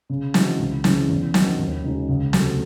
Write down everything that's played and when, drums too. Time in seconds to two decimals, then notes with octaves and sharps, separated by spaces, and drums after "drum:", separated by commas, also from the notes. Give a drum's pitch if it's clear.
0.10 C#3
0.34 E3 G#3 D#4 F#4, drum: snare
0.59 C#2
0.84 C#3 E3 G#3 C#4, drum: snare
1.09 E2
1.34 D#3 F#3 C#4 F#4, drum: snare
1.59 D#2
1.84 C#3 G#3 D#4 F#4
2.09 C#2
2.33 C3 F#3 A3 C#4, drum: snare